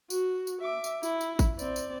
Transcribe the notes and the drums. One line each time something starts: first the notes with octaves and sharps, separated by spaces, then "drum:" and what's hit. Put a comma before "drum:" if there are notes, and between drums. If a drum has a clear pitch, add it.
F#4, drum: tambourine
drum: tambourine
E5 D6
drum: tambourine
E4, drum: tambourine
drum: tambourine
drum: kick G#1, tambourine
C4 D5, drum: tambourine
drum: tambourine